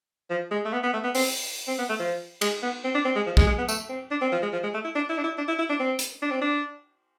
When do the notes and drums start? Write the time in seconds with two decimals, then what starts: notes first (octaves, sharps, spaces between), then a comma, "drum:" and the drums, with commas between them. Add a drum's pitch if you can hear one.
0.30 F3
0.51 G#3
0.65 A3
0.73 B3
0.83 B3
0.93 A3
1.04 B3
1.15 C4, drum: open hi-hat
1.68 C4
1.79 B3
1.89 A3
1.99 F3
2.41 G#3, drum: cymbal
2.63 B3
2.84 C4
2.95 D4
3.05 C4
3.16 G#3
3.26 F3
3.37 G#3, drum: kick
3.47 G#3
3.58 B3
3.69 A3, drum: tambourine
3.89 C4
4.11 D4
4.22 C4
4.32 F3
4.42 G#3
4.53 F3
4.64 G#3
4.74 A3
4.85 E4
4.96 D4
5.09 E4
5.18 D4
5.24 E4
5.38 D4
5.48 E4
5.59 E4
5.69 D4
5.80 C4
5.99 drum: hi-hat
6.22 D4
6.31 C4
6.42 D4